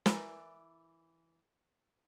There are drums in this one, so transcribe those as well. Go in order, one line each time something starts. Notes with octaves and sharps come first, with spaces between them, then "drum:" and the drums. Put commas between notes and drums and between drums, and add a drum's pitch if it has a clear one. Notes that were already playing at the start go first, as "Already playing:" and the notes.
E3 E4 A#4 D5, drum: snare